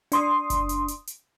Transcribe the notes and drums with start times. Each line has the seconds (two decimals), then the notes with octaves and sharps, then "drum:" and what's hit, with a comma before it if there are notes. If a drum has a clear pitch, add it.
0.12 D4 C6 D#6, drum: hi-hat
0.50 drum: kick F#1, hi-hat
0.69 drum: hi-hat
0.88 drum: hi-hat
1.07 drum: hi-hat